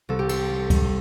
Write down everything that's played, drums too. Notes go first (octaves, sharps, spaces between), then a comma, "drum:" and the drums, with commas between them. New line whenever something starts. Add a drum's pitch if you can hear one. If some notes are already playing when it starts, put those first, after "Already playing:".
C2 A4
G4
A4, drum: cymbal
G3
drum: kick C#2, cymbal